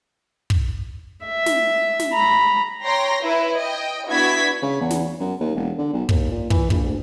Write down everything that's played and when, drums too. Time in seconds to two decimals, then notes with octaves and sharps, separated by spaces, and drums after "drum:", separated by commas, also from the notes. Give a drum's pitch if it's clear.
0.50 drum: kick
1.26 E5
1.46 drum: snare
1.99 drum: snare
2.13 A#5 B5
2.84 C#5 G5 A#5 C6 A#6
3.23 E4 B4
3.59 D#5 G5
4.09 B3 D4 E4 F#4 G#6 B6
4.62 C#3
4.81 E2
4.90 drum: snare
5.20 F#2
5.40 D#2
5.55 E1
5.78 D3
5.93 B1
6.09 D#2, drum: kick
6.31 A#2
6.50 E3, drum: kick
6.70 A#1, drum: kick
6.84 D2